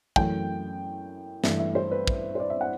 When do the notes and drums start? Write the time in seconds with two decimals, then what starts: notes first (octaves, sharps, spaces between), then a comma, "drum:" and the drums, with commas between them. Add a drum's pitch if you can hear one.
0.16 F#2 E3 A3 G5, drum: kick
1.44 G2 E3 A3 E5, drum: snare
1.59 E5
1.75 C5
1.91 B4
2.07 drum: kick
2.35 C5
2.40 D5
2.50 E5
2.61 F#5